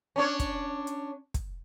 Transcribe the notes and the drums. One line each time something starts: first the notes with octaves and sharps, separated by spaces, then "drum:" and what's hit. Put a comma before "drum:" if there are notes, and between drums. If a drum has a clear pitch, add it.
C#4 D4 C#5
drum: kick, hi-hat
drum: hi-hat
drum: kick, hi-hat